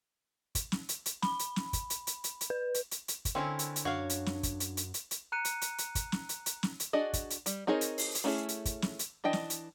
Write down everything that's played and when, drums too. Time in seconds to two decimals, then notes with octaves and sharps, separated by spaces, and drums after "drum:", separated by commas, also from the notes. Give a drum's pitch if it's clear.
0.55 drum: kick, hi-hat
0.72 drum: snare
0.89 drum: hi-hat
1.06 drum: hi-hat
1.22 B5, drum: snare
1.39 drum: hi-hat
1.56 drum: snare
1.73 drum: kick, hi-hat
1.90 drum: hi-hat
2.07 drum: hi-hat
2.24 drum: hi-hat
2.41 drum: hi-hat
2.50 B4
2.74 drum: hi-hat
2.91 drum: hi-hat
3.08 drum: hi-hat
3.25 drum: kick, hi-hat
3.35 D3 C4 C#4 E4 A#4
3.59 drum: hi-hat
3.76 drum: hi-hat
3.85 F#2 D4 F#4 C#5 F5 C#6 D6
4.10 drum: hi-hat
4.26 drum: snare
4.43 drum: kick, hi-hat
4.60 drum: hi-hat
4.77 drum: hi-hat
4.94 drum: hi-hat
5.11 drum: hi-hat
5.32 A#5 F#6 C#7 D#7
5.45 drum: hi-hat
5.61 drum: hi-hat
5.78 drum: hi-hat
5.95 drum: kick, hi-hat
6.12 drum: snare
6.29 drum: hi-hat
6.46 drum: hi-hat
6.63 drum: snare
6.80 drum: hi-hat
6.93 D4 F#4 G#4 D5 D#5
7.13 drum: kick, hi-hat
7.30 drum: hi-hat
7.46 G3, drum: hi-hat
7.67 C4 D#4 G#4 A#4 C#5
7.81 drum: hi-hat
7.98 drum: open hi-hat
8.15 drum: hi-hat
8.24 A3 C#4 D4 E4 G#4
8.49 drum: hi-hat
8.65 drum: kick, hi-hat
8.82 drum: snare
8.99 drum: hi-hat
9.24 E3 D4 D#5 G5
9.33 drum: snare
9.50 drum: hi-hat